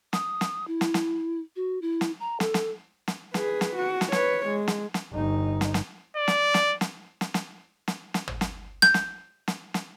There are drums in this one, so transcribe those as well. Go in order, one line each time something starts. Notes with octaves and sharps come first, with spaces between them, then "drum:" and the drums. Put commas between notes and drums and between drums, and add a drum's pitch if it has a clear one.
D#6, drum: snare
drum: snare
E4
drum: snare
drum: snare
F#4
E4
drum: snare
A#5
A4, drum: snare
drum: snare
drum: snare
G#4 B4, drum: snare
drum: snare
F#4
drum: snare
B4 C#5, drum: snare
G#3
drum: snare
drum: snare
G1 D#4
drum: snare
drum: snare
D5
drum: snare
drum: snare
drum: snare
drum: snare
drum: snare
drum: snare
drum: snare
drum: tom G#1
drum: snare
G6, drum: snare
drum: snare
drum: snare
drum: snare